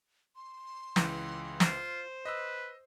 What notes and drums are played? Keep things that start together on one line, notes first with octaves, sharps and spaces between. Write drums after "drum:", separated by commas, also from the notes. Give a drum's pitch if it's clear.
C6
C#2 E3 G6, drum: snare
F4 C5, drum: snare
B4 D#5 E6